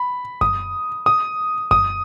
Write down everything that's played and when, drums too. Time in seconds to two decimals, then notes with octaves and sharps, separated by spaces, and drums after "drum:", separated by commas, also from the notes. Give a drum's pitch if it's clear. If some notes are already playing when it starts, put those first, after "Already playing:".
Already playing: B5
0.41 D#6, drum: kick F#2
1.06 D#6
1.71 D#6, drum: kick F#2